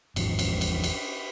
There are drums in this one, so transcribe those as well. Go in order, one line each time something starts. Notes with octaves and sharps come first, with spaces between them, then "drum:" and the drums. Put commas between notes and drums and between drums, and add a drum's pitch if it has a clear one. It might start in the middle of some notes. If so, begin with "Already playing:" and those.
G#1 E2 G#2 F3, drum: cymbal
drum: cymbal
drum: cymbal
drum: cymbal